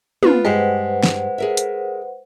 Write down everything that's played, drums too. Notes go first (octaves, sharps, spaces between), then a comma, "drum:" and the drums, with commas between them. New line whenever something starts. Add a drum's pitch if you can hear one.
B3 C4 D4 F4, drum: tom
G2 G#3 G4 B4 C5 F#5
drum: snare
G#4 A#4 E5
drum: hi-hat